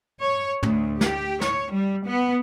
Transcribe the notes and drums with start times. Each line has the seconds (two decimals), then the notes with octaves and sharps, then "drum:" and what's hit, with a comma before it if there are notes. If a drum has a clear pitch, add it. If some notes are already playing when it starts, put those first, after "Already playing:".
0.19 C#5
0.63 D2, drum: tom
1.01 G4, drum: snare
1.41 C#5, drum: snare
1.72 G3
2.06 B3